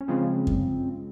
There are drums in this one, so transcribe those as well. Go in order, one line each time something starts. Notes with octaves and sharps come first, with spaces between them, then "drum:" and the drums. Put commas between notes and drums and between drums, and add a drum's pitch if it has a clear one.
C#4
C#3 F3 G#3 C4
drum: kick F#2